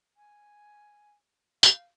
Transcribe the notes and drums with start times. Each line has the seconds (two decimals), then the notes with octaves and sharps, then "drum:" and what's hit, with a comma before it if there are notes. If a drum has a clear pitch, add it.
0.17 G#5
1.63 F5, drum: tambourine